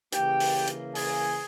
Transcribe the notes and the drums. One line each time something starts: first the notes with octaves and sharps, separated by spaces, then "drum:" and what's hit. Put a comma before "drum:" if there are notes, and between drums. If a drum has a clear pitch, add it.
C#3 E3 A#3 G4 G5, drum: hi-hat
drum: open hi-hat
drum: hi-hat
G#4 G#5, drum: open hi-hat